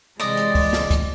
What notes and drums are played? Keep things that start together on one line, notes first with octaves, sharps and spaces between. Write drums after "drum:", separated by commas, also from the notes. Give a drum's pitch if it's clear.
C3 E3 G#3 D5 D#5, drum: hi-hat
drum: hi-hat
drum: kick, open hi-hat
drum: snare
drum: kick, hi-hat